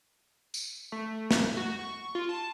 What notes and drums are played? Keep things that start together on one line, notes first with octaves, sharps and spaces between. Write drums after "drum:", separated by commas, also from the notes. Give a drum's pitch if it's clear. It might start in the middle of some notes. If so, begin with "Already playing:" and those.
drum: tambourine
A3
drum: snare
F#4
C#6
F4
A5